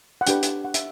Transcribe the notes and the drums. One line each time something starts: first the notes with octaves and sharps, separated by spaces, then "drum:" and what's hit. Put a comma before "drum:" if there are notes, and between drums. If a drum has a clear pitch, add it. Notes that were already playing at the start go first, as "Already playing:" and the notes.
F#5
D4 G4 B4 G5, drum: hi-hat
drum: hi-hat
F#5
E5, drum: hi-hat